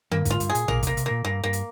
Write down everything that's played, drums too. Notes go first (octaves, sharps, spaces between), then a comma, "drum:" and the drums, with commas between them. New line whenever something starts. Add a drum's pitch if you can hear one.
G2 A#3, drum: tom D3
G#2, drum: kick, hi-hat
F4
G2, drum: hi-hat
G#4
A#2, drum: hi-hat
A#2 A#3, drum: tom A1
C3 A#3, drum: kick, hi-hat
C3, drum: hi-hat
A#2 A#3
G2 A#3
G2 A#3
drum: hi-hat